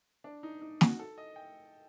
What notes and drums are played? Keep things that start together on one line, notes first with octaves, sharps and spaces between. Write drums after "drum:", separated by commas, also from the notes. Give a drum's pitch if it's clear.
D4
D#4
D#4
F#4, drum: snare
A4
D#5
G5